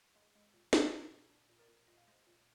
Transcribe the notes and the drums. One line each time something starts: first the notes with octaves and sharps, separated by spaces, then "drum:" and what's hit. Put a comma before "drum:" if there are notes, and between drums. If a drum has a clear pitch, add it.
G#3
G#3
A#2
A#2, drum: snare
A#2
A#2
D4
A#2
A#4 D5
A#2
A#2 D#5
F5
G#3 C5 D#5
A#2